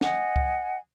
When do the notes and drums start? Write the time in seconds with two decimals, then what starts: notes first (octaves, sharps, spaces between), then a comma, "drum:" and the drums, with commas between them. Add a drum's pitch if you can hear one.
0.01 D#5 F#5 G#5, drum: snare
0.36 drum: kick C#2